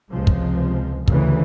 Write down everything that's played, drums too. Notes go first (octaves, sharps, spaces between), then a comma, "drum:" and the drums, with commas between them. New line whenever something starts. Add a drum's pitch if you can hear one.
C#2 C3 F3 G#3
drum: kick
D2 C#3 E3, drum: kick